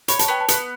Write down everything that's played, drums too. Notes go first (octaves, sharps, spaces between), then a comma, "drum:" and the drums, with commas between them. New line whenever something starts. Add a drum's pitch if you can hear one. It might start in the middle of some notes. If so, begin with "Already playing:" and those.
C#5 B5, drum: hi-hat
A5, drum: hi-hat
B3 G5
A5
B3, drum: hi-hat